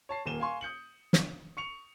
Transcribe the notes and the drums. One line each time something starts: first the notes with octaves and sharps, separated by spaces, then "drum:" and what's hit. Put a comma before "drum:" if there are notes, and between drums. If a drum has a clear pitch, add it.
C#5 A5 C7
D#1 A#2 D#7 E7 G7
F5 G#5 C6 C#6
D#6 G6 C#7 F#7
drum: snare
C#6 C#7 F7